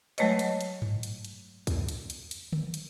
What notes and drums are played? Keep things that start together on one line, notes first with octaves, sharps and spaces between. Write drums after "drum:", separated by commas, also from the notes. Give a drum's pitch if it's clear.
F#3 G#3 A3 B4 C#5 D#5, drum: hi-hat
drum: hi-hat
drum: hi-hat
drum: tom G2
drum: hi-hat
drum: hi-hat
drum: kick, hi-hat
drum: hi-hat
drum: hi-hat
drum: hi-hat
drum: tom D3
drum: hi-hat